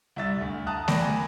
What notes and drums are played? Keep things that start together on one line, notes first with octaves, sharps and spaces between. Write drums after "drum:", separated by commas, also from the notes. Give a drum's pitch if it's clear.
C2 E5 A6
D2
A5 A#5 D#6 F#6
A#4 D5 G5 B5 A#6, drum: snare A3
G#5